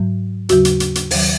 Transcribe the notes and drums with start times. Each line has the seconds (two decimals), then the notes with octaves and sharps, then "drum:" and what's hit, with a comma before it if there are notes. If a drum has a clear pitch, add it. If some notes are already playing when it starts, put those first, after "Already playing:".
Already playing: G#2 F#3
0.49 D#2 C#3 F#3 F#4, drum: hi-hat
0.65 drum: hi-hat
0.80 drum: hi-hat
0.95 drum: hi-hat
1.11 D#2 D#3 F#3, drum: open hi-hat